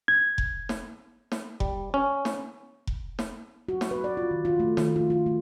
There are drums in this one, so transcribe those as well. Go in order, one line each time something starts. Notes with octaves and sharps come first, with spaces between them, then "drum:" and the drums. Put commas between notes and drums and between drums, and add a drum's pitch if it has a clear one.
G#6
drum: kick F1
drum: snare
drum: snare
G3, drum: kick F1
C#4
drum: snare
drum: kick F1
drum: snare
F#4
drum: snare
B4
D5
F4
D#3
F4
A3
D#3, drum: snare
F4
F4
A3